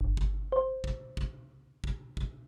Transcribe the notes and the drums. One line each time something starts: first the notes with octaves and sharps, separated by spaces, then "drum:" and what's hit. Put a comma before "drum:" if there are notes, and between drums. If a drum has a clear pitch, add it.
G1
drum: kick
C5
drum: kick
drum: kick
drum: kick
drum: kick